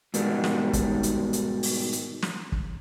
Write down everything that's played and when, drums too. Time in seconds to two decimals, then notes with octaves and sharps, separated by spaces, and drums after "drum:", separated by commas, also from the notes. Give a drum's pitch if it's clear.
0.14 G#2 B2 D#3 G3 G#3, drum: hi-hat
0.44 drum: snare
0.73 drum: kick, hi-hat
1.03 drum: hi-hat
1.33 drum: hi-hat
1.63 drum: open hi-hat
1.93 drum: hi-hat
2.22 drum: snare
2.52 drum: kick